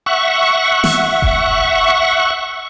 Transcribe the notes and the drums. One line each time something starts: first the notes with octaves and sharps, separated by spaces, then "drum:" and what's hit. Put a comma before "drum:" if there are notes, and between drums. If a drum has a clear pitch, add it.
E5 F#5 C#6
drum: snare
drum: kick F1